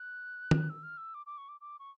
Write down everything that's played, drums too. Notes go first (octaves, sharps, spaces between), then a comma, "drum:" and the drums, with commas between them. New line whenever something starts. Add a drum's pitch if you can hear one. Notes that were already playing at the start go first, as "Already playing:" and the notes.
Already playing: F#6
drum: tom D#3
E6
F6
E6
D6
D6
C#6
D6
D6
C#6